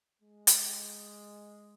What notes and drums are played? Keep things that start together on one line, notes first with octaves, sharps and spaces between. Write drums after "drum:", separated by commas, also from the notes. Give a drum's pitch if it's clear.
G#3
drum: hi-hat